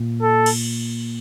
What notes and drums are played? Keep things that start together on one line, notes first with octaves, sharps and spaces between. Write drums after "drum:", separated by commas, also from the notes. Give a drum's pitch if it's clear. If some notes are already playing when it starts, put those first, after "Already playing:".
Already playing: A#2
A4
drum: cymbal